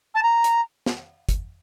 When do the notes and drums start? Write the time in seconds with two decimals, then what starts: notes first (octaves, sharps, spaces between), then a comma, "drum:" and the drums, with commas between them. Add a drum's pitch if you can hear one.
0.14 A5
0.23 A#5
0.44 drum: hi-hat
0.86 drum: snare
1.29 drum: kick, hi-hat